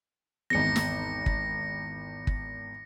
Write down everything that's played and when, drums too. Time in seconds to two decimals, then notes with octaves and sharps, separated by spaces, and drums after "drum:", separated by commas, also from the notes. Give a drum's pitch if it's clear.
0.50 G#1 E2 A#6 C#7
0.76 drum: snare
1.26 drum: kick
2.27 drum: kick